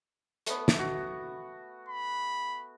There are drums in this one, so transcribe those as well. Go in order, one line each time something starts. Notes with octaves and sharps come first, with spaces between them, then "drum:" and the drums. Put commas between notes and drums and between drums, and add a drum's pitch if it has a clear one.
A3 B3, drum: hi-hat
drum: snare
F#4
B5